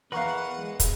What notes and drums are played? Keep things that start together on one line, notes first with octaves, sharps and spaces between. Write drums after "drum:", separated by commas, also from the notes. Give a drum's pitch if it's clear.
E2 E3 A#4 B4 F5 F#5 C#6 F#6
G#3
drum: kick, hi-hat